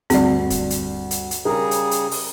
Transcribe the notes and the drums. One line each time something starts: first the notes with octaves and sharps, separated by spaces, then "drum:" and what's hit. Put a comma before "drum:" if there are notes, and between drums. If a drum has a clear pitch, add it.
D2 G2 C4 D5, drum: hi-hat
drum: kick, hi-hat
drum: hi-hat
drum: hi-hat
drum: hi-hat
C#3 G3 G#4 A#4 A#5
drum: hi-hat
drum: hi-hat
drum: open hi-hat